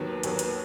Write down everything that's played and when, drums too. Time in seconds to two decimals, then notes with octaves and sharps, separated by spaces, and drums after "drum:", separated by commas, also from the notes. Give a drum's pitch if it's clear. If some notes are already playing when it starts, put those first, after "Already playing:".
Already playing: D#2 D#3 F#3 B3
0.23 D#2 D#3 F#3 B3, drum: hi-hat
0.39 drum: hi-hat